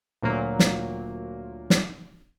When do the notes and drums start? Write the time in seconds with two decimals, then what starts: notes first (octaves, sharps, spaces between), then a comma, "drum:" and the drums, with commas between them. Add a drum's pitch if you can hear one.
0.23 D2 A#2 F#3 A#3
0.59 drum: snare
1.70 drum: snare